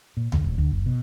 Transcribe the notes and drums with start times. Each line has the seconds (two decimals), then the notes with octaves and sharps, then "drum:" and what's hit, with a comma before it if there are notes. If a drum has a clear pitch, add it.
0.17 A#2
0.32 D2, drum: tom D#2
0.44 D#1
0.58 D2
0.71 F#1
0.86 B2